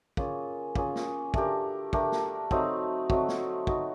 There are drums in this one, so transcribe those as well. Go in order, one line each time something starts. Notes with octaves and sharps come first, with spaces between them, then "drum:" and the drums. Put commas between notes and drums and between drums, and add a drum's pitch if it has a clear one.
A#3 C#4 F4 G#4, drum: kick
A#3 C#4 F4 G#4, drum: kick
drum: snare
A3 D4 G4 A#4, drum: kick
A3 D4 G4 A#4, drum: kick
drum: snare
F#3 A3 C4 D#4, drum: kick
F#3 A3 C4 D#4, drum: kick
drum: snare
B3 D#4 F#4, drum: kick